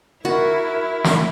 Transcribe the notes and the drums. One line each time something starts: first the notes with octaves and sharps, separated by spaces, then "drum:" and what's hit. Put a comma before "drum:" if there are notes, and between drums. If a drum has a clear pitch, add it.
E4 F#4 A#4
drum: snare